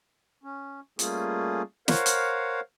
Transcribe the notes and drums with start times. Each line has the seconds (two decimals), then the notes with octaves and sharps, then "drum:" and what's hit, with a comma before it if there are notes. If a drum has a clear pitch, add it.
0.43 C#4
0.99 G3 A3 A#3 C#4 F4 G#4, drum: hi-hat
1.88 A#4 C5 C#5 F5 F#5, drum: snare
2.06 drum: hi-hat